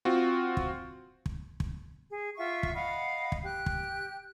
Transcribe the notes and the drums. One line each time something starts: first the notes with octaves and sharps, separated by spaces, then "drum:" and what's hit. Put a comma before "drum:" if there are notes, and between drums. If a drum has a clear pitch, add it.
C4 F4 F#4
drum: kick
drum: kick
drum: kick
G#4
F4 E5 F#5 C#6
drum: kick
D#5 F5 F#5 B5
drum: kick
G4 F#6
drum: kick